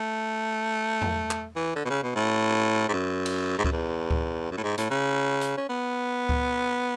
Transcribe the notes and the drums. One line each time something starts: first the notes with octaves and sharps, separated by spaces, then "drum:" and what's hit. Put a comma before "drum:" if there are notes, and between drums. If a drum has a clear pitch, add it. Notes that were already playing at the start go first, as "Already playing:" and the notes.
Already playing: A3
drum: tom E2
drum: clap
E3
D3
B2
C#3
B2
A2
G#2
F#2
drum: cymbal
G#2
F#2, drum: kick C#2
E2
drum: kick C#2
F#2
A2
G#2
A2, drum: hi-hat
C#3
drum: hi-hat
C#4
B3
drum: kick C#2